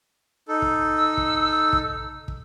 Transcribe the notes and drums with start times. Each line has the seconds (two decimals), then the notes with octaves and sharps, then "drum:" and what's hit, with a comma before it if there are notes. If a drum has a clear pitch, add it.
0.48 D#4 A4
0.62 drum: kick
0.97 E6
1.17 drum: kick
1.73 drum: kick
2.28 drum: kick